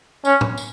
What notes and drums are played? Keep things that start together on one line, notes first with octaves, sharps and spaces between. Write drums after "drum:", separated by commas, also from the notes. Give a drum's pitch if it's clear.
C#4, drum: tambourine
drum: tom
drum: tambourine